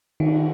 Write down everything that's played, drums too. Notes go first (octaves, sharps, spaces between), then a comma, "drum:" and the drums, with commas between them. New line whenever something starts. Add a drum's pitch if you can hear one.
D#3, drum: cymbal